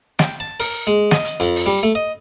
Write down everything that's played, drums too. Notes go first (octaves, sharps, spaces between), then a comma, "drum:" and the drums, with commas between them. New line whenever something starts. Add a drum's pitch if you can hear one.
G5, drum: snare
A5
A#4, drum: open hi-hat
G#3
D#5, drum: snare
drum: hi-hat
F2, drum: hi-hat
drum: open hi-hat
G3
A3
D#5